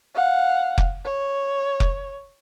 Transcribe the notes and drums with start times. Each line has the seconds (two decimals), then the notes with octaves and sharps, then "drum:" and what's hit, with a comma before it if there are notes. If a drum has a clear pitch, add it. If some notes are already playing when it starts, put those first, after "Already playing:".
0.15 F5 F#5
0.78 drum: kick F1
1.05 C#5
1.80 drum: kick F1